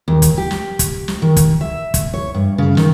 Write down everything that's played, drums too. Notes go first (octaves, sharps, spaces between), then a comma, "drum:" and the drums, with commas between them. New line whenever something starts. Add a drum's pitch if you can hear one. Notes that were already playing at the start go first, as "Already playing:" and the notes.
D#2
drum: kick, hi-hat
G4
drum: snare
drum: kick, hi-hat
drum: snare
D#3
drum: kick, hi-hat
E5
drum: kick, hi-hat
C#5
G2
C#3
D#3, drum: snare